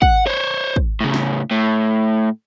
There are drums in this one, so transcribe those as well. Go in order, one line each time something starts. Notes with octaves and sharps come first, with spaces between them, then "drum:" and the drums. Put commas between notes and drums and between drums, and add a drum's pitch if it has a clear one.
F#5, drum: kick
C5 C#5
drum: kick
A2 C#3
drum: snare
A2